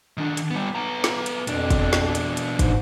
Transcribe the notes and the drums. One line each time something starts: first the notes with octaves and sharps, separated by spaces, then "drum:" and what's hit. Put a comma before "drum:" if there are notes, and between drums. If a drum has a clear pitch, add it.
D#3 D4
drum: hi-hat
G3 B3
B3 A#5
drum: snare
drum: hi-hat
F2 B2 D4, drum: hi-hat
drum: kick, hi-hat
drum: snare
drum: hi-hat
drum: hi-hat
G#2, drum: kick, hi-hat